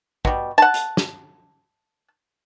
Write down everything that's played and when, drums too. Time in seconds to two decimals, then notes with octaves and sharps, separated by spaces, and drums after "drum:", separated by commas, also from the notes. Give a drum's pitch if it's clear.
0.25 B2 G3, drum: kick
0.58 F#5 A5
0.74 drum: hi-hat
0.97 drum: snare